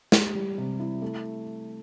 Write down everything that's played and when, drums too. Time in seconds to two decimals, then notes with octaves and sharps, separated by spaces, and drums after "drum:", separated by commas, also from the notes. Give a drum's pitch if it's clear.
0.12 G4, drum: snare
0.35 G3
0.58 C3
0.80 E4
1.02 A3